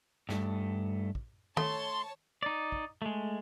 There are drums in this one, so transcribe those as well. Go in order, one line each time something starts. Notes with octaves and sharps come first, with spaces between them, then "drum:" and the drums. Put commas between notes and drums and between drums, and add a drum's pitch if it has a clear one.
G2 A3, drum: snare
drum: kick
A3 C#5 A5 C6, drum: tom D#3
D#4 D5
drum: kick
G#3 A3